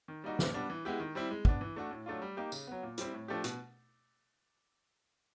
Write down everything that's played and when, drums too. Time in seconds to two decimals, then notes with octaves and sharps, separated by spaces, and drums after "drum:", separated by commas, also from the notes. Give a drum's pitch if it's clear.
0.08 D#3
0.24 G3 A#3 D#4 F#4
0.39 A#2, drum: snare
0.54 G3 B3 D4
0.70 E3
0.85 G#3 B3 E4 G4
1.00 D#3
1.15 G3 C4 E4
1.31 G#3
1.45 B3 D4, drum: kick
1.61 E3
1.76 A3 D4 F#4
1.91 A2
2.06 F#3 A3 D4 F4
2.22 G3
2.37 A#3 D#4 G4
2.52 C#3, drum: tambourine
2.67 F#3 B3
2.83 A#2
2.98 G3 C4 E4, drum: hi-hat
3.14 A2
3.28 F3 A3 D4 G4
3.44 B2, drum: hi-hat